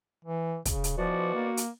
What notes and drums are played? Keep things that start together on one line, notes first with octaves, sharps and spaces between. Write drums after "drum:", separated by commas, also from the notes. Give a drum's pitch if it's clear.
E3
C#3, drum: kick, hi-hat
drum: hi-hat
B2 E3 F3 F#4 D5
A#3
drum: hi-hat